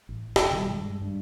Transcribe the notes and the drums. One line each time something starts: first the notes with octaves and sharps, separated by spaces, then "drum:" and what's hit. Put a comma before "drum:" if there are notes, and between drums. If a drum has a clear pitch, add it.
A1
E1, drum: snare
B2 D#3 F#3 G3
G2 G#3
G2